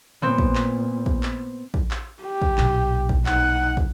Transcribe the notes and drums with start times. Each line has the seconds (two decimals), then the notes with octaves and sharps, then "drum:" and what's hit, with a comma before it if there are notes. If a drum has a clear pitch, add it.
0.22 A#2 B3 C4
0.38 drum: kick
0.55 drum: clap
1.06 drum: kick
1.23 drum: clap
1.74 drum: kick
1.91 drum: clap
2.22 G4
2.42 drum: kick
2.58 B1 A#2, drum: clap
3.09 drum: kick
3.26 D#4 F#5, drum: clap
3.77 drum: kick